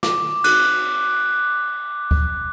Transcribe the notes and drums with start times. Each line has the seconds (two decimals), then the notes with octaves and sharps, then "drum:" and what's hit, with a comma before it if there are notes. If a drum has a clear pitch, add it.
0.03 D6, drum: snare
0.44 F#6, drum: cymbal
2.11 drum: kick D2